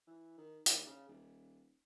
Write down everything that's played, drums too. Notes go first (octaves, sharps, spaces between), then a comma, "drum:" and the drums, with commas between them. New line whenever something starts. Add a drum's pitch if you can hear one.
E3
D#3
D#2, drum: hi-hat
C#3
D#1